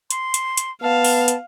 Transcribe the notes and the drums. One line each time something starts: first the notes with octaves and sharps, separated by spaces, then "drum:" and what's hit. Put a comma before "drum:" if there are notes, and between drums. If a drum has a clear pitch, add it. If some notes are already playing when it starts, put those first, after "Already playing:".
C6, drum: hi-hat
drum: hi-hat
drum: hi-hat
B3 F5 A5
drum: open hi-hat
drum: hi-hat